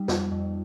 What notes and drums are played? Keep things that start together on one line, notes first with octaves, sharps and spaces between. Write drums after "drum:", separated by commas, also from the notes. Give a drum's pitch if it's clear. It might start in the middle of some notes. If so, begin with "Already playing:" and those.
Already playing: G3 D#4
F2, drum: snare
F2